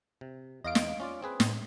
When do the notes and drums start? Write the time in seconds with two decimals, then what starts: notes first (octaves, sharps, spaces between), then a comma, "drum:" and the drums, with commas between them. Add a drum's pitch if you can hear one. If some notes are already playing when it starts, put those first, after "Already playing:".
0.21 C3
0.64 E2 D#5 F5 D7
0.75 drum: snare
1.00 C#4 F4 D5
1.23 C4 G#4 B4
1.40 A2, drum: snare